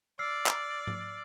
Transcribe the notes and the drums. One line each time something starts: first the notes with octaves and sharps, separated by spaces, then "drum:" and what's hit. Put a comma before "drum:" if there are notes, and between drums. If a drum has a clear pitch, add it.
D5 E6 F6 C7
drum: clap
drum: tom G#2